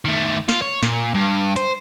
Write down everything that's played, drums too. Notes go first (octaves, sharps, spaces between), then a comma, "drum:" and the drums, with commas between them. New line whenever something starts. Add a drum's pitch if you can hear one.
D#3 A3
F4, drum: snare
C#5
A#2, drum: snare
G2
C5, drum: hi-hat